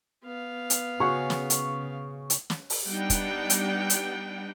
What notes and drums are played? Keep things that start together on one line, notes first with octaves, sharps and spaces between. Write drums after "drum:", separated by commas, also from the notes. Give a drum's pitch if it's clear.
B3 F5
drum: hi-hat
C#3 C#4 F#4 G#4 C#6
drum: snare
drum: hi-hat
drum: hi-hat
drum: snare
drum: open hi-hat
G3 B3 D4 D#4 F#5 G5
drum: kick, hi-hat
drum: hi-hat
drum: hi-hat